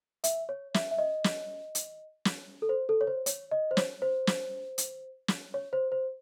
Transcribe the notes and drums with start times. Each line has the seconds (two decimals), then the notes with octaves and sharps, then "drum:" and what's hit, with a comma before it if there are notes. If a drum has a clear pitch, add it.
0.24 E5, drum: hi-hat
0.49 C#5
0.74 E5, drum: snare
0.91 E5
0.98 D#5
1.24 drum: snare
1.75 drum: hi-hat
2.25 drum: snare
2.62 A4
2.69 C5
2.89 A4
3.01 C#5
3.07 C5
3.26 C#5, drum: hi-hat
3.51 D#5
3.71 C5
3.77 C#5, drum: snare
4.02 C5
4.27 drum: snare
4.78 drum: hi-hat
5.28 drum: snare
5.54 C#5
5.73 C5
5.92 C5